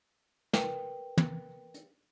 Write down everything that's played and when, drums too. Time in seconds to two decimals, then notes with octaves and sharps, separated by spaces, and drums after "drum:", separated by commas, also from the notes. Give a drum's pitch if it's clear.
0.53 A#4 B4 G5, drum: snare
1.17 drum: tom
1.74 drum: hi-hat